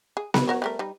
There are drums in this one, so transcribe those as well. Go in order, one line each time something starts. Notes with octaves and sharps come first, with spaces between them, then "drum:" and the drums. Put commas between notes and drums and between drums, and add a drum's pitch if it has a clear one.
G#4
B4, drum: snare B3
F#4 A#4 C#5
G3 A3 A#4
G3 D#4